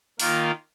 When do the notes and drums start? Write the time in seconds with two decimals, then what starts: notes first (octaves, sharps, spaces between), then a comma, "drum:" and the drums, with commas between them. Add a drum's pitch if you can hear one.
0.20 D#3 A#3 F4, drum: open hi-hat